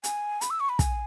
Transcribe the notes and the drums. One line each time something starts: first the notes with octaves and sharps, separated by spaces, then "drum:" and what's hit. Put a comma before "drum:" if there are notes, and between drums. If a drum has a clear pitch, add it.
G#5, drum: hi-hat
B5, drum: hi-hat
E6
C#6
B5
G#5, drum: kick, hi-hat